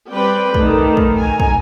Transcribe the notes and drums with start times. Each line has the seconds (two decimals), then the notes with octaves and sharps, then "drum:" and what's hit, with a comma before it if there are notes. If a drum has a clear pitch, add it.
0.11 G3 C4 B4 D5 G5
0.54 D#3 A3, drum: kick
0.97 drum: kick
1.19 G#5 A#5
1.40 drum: kick